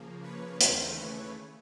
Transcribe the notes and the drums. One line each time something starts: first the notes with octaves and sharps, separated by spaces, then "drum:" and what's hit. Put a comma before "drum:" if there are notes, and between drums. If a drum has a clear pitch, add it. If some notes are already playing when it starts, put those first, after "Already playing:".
Already playing: C#3 F3 A#3
B4 C#5
D#2 C#3 E3 A3 A#4 C5, drum: hi-hat
B4 C#5